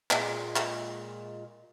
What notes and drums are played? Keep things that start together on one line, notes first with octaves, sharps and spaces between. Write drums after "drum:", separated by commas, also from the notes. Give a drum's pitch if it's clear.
A#2 G#3, drum: clap
drum: clap